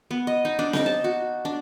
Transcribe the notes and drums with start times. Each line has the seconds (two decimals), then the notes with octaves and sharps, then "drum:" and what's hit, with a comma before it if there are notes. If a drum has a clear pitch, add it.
0.11 B3
0.27 D#5
0.45 D#4
0.59 D4
0.73 D#4, drum: snare C4
0.86 A5
1.04 F#4
1.45 D4